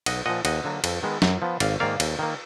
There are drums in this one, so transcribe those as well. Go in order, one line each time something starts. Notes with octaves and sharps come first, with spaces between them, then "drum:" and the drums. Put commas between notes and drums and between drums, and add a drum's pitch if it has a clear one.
B1 D#5 F#5, drum: cymbal
A#2 F3 D#5 F#5
D#2 D#5 F#5, drum: cymbal
D3 F#3 A#3
F2, drum: cymbal
D#3 G#3 B3
F#2, drum: snare
F3 B3
G#1 D5 F5, drum: cymbal
G#2 D#3 A#3 D5 F5
D#2, drum: cymbal
D#3 A#3